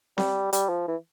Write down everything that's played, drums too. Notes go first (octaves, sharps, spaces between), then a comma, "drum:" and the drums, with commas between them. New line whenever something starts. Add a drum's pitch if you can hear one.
G3, drum: snare C4
G3, drum: hi-hat
F3
E3